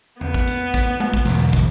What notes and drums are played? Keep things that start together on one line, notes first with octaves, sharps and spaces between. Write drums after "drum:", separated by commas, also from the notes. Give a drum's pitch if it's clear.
B3, drum: tom E2
drum: kick
drum: hi-hat
drum: kick, hi-hat
drum: tom G#3
drum: kick
B1 E2, drum: hi-hat
drum: kick, hi-hat